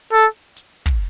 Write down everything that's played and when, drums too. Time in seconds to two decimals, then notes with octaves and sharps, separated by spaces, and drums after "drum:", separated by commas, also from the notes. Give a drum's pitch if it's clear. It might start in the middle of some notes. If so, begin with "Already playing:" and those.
0.13 A4
0.56 drum: hi-hat
0.86 drum: kick